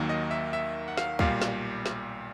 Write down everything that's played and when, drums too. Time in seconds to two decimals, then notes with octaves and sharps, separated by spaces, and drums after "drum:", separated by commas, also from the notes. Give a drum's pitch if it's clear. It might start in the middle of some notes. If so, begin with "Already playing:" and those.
Already playing: D#2 D#3 F#3 A#3
0.09 D#5
0.31 E5
0.53 E5
0.88 F#5
0.97 F5, drum: snare
1.19 B1 A#2 G3 F5, drum: kick C#2
1.42 drum: snare
1.86 drum: snare